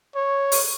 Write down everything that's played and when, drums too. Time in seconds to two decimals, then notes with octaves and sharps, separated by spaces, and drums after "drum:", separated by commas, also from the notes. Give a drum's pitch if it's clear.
0.16 C#5
0.52 drum: open hi-hat